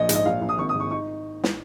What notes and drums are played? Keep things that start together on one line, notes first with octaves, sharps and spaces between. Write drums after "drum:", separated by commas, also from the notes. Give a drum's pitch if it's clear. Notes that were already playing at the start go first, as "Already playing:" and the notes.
Already playing: A#1 D#5
G#2, drum: hi-hat
D#5
A#1 F5
A#1
D#6
G#1 C#6
D#6
G#2
C#6
D#4 C#6
drum: snare